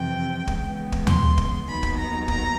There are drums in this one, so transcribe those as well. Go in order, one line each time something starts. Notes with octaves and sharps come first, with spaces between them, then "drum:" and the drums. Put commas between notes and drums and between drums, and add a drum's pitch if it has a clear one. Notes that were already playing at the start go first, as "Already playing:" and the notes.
Already playing: F2 C3 E3 G5
C#3 E3 G#3 B3, drum: kick
drum: kick
C6, drum: tom D#2
drum: kick
D#2 D#3 F#3 B3 B5
drum: kick
A#5
A#5, drum: kick